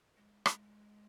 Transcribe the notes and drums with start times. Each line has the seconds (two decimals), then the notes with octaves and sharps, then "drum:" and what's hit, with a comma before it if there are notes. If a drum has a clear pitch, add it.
0.16 G#3
0.46 G#3, drum: rim click